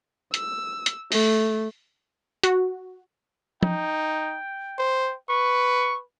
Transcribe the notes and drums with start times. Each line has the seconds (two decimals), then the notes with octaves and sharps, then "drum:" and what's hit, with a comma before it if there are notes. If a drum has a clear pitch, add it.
0.34 E6, drum: hi-hat
0.86 drum: hi-hat
1.12 A3, drum: open hi-hat
2.44 F#4, drum: hi-hat
3.63 D#4 G5, drum: tom
4.78 C5
5.30 B4 C#6